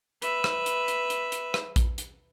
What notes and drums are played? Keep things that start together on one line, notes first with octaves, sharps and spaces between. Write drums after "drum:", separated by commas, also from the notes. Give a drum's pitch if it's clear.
B4 E5, drum: hi-hat
drum: rim click
drum: hi-hat
drum: hi-hat
drum: hi-hat
drum: hi-hat
drum: rim click
drum: kick A#1, hi-hat
drum: hi-hat